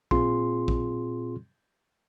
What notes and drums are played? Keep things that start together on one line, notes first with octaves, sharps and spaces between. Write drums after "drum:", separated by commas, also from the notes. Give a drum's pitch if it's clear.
A#2 C4 F4 G#4 C6, drum: kick
drum: kick